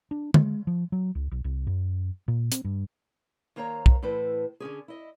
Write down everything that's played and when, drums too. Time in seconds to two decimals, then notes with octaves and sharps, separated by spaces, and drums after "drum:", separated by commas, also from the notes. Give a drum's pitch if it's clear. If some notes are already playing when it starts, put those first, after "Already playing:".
0.11 D4
0.34 G#3, drum: tom
0.67 F3
0.92 F#3
1.15 C#2
1.31 B1
1.44 C2
1.67 F#2
2.28 A#2
2.52 C4, drum: hi-hat
2.65 G2
3.56 D#2 A#3 C5 C#5 F5 A#5
3.86 drum: kick
4.02 A2 E3 A4 B4 C5
4.60 D3 C#4 G4 G#4
4.88 E4 D#5